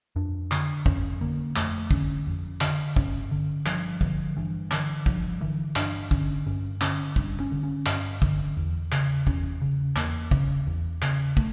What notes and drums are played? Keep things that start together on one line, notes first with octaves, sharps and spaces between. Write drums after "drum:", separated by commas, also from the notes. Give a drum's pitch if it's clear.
F2 D4
D3, drum: clap
F2 C#4, drum: kick
D3 A#3
F2 A3, drum: clap
D3 C#4, drum: kick
F2
D3, drum: clap
G2 C#4, drum: kick
D3
G2 F3, drum: clap
D3 F3, drum: kick
G2 E3
D3 E3, drum: clap
G2 F3, drum: kick
D3 E3
G2 D4, drum: clap
D3 C#4, drum: kick
G2 C#4
D3 C#4, drum: clap
G2, drum: kick
C#4
D3
C#4
G2 C#4, drum: clap
D3, drum: kick
E2
C#3, drum: clap
E2 C#4, drum: kick
C#3
E2 A#3, drum: clap
C#3, drum: kick
E2
C#3, drum: clap
A3, drum: kick